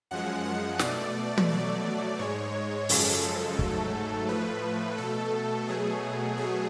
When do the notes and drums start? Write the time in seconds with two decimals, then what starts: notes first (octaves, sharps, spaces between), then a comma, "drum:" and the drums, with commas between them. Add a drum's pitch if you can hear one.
0.11 F#2 F3 G#3 F#5
0.45 F#5
0.79 B2 A3 D5, drum: snare
1.38 drum: tom
1.50 B2 F#3 A3 D5
2.19 G#2 G#3 C#5
2.89 F#2 C#3 F3 G#3 A4, drum: open hi-hat
3.59 G#2 F#3 A3, drum: kick
4.28 A2 F3 A3 B4
4.98 B2 A3 A4
5.67 B2 F#3 A3 G#4
6.37 B2 F#3 A3 G#4